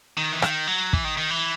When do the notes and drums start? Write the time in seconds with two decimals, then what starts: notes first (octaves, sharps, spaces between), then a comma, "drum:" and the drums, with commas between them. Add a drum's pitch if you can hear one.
0.18 D#3
0.32 E3
0.42 D#3, drum: rim click
0.67 F#3
0.93 E3, drum: kick
1.04 D#3
1.17 D#3
1.30 E3